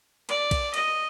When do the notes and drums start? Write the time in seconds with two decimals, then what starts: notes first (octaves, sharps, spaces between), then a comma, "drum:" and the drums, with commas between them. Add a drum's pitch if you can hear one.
0.29 D5, drum: cymbal
0.51 drum: kick B1, cymbal
0.74 D#5, drum: cymbal